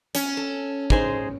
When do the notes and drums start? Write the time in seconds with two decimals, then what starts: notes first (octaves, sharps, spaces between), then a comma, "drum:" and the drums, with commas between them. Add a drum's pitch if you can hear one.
0.15 C#4, drum: hi-hat
0.37 A4
0.90 D#4 G#4 C5, drum: kick